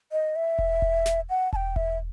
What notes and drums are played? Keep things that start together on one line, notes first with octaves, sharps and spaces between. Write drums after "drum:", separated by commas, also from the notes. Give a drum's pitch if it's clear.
D#5
E5
drum: kick E1
drum: kick E1
drum: snare
F#5
A5, drum: kick E1
G5
E5, drum: kick E1